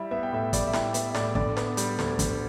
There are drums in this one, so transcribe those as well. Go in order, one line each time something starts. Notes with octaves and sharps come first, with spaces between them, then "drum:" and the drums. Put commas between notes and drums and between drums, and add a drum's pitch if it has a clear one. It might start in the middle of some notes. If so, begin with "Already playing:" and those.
Already playing: G3 E4 E5
B3 E5
G5
A2 E5
G3 D5, drum: kick, hi-hat
E5
E4 G5, drum: snare
B3 E5, drum: hi-hat
E5
A2 D5, drum: snare
D3 D5, drum: kick
B3, drum: snare
G3, drum: hi-hat
D2, drum: snare
D3, drum: kick, hi-hat